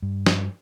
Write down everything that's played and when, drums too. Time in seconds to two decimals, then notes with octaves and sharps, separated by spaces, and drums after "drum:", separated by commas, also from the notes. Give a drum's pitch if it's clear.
0.02 G2
0.26 drum: snare